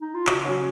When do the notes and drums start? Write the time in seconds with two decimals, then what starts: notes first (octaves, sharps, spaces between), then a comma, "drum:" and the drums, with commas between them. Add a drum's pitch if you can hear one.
0.01 D#4
0.14 F4
0.27 C#3 F#4, drum: clap
0.45 F#3 C#4 F#4 C#5